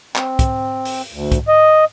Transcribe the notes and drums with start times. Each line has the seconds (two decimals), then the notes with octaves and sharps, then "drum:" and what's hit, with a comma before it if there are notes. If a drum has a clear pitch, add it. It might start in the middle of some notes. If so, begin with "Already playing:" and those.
0.16 C4, drum: clap
0.39 drum: kick, hi-hat
0.85 drum: open hi-hat
1.13 D2
1.32 drum: kick, hi-hat
1.48 D#5